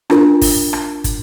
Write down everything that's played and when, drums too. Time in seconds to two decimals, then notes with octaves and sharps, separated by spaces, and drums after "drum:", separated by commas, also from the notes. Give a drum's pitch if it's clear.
0.10 D4 F4 A#4, drum: rim click
0.41 drum: kick, open hi-hat
0.73 drum: rim click
1.04 drum: kick, hi-hat